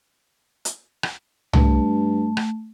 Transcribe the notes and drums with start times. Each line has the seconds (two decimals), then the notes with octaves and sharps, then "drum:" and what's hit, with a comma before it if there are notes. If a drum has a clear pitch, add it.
0.65 drum: hi-hat
1.03 drum: rim click
1.53 G2 A3, drum: tom C2
2.37 drum: rim click